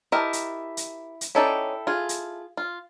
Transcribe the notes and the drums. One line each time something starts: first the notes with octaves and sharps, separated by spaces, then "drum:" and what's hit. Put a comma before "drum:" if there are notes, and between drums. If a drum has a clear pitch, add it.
E4 G4 A#4 D#5 A5
drum: hi-hat
drum: hi-hat
drum: hi-hat
C#4 D#4 E4 A4 D5 G5
F4 G#4
drum: hi-hat
F4